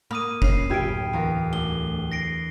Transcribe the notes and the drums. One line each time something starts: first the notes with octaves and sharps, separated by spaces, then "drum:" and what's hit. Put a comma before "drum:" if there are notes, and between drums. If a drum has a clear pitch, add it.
A#3 B5 D#6 F6 D#7
C#3 C#4 B5 C7, drum: kick F#1
D1 G4 E5 G5 B5 F6 G#6 D7
E2 A#4 F5
D2 G7
A#6 C7 D7